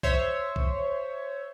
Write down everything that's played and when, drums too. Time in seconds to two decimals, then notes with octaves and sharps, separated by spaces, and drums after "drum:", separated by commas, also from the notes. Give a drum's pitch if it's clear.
0.03 C5 C#5 E5, drum: kick
0.56 drum: kick